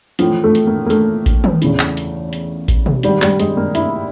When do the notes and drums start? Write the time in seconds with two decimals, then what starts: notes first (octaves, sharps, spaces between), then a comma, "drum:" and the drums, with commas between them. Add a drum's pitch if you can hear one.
0.19 A2 E3 F3, drum: hi-hat
0.44 A3
0.55 drum: hi-hat
0.67 A#3
0.86 A#3
0.90 A3, drum: hi-hat
1.26 drum: kick A1, hi-hat
1.44 drum: tom D#3
1.62 E2 C#3 E3, drum: hi-hat
1.79 drum: clap
1.97 drum: hi-hat
2.33 drum: hi-hat
2.68 drum: kick A1, hi-hat
2.86 drum: tom B2
3.03 G#2 D#3 G3, drum: hi-hat
3.22 G3, drum: clap
3.40 G#3, drum: hi-hat
3.57 A#3
3.75 E4, drum: hi-hat